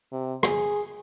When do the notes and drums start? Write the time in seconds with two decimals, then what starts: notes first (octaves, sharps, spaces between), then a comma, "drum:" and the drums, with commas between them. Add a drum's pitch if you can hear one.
0.12 C3
0.43 G#4, drum: rim click